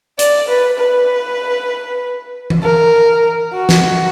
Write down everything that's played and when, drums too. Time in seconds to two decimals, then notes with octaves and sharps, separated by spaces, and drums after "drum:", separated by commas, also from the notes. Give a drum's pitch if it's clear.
0.19 D5, drum: hi-hat
0.49 B4
0.80 B4
2.50 drum: tom E3
2.63 A#4
3.54 F#4
3.69 drum: snare